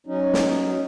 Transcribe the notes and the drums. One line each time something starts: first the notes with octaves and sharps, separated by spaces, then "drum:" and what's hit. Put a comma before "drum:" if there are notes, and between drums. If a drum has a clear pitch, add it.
F#3 C#4 D#4
drum: snare